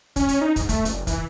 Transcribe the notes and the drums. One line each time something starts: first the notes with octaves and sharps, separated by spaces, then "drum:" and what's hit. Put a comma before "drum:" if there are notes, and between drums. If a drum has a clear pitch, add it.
C#4, drum: kick, hi-hat
drum: hi-hat
D#4
G#2, drum: kick, hi-hat
A3, drum: kick, hi-hat
F#1, drum: hi-hat
E3, drum: kick, hi-hat